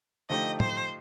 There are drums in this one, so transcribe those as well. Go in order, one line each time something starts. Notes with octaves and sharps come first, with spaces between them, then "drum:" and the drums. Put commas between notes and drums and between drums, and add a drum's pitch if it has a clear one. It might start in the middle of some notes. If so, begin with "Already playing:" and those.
D3 F3 A3 D#4 G4 D#5
C5, drum: tom